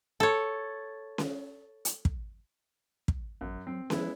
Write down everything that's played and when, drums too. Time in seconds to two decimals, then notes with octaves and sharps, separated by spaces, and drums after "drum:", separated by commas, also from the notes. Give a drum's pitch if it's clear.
0.20 A4 C#5
1.18 drum: snare C#4
1.85 drum: hi-hat
2.05 drum: kick
3.08 drum: kick
3.41 A1 F#2
3.67 F#3 C4
3.90 F3 G#3 B3 E4, drum: snare C#4